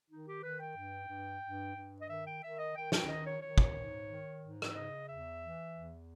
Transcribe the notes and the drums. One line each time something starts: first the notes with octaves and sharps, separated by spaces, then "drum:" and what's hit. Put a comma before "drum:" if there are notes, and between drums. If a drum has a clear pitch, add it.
D#3 D#4
G4
D#3 B4
G5
G2
G2
G2
G2
D#5
D#3 E5
G5
D#3 E5
D#5
D#3 G5
G5, drum: snare
D#3 D#5
C#5
D#3 C#5
drum: kick
G#2
D#3
G#2
drum: rim click
C#3 D#5
E2 E5
E3
E2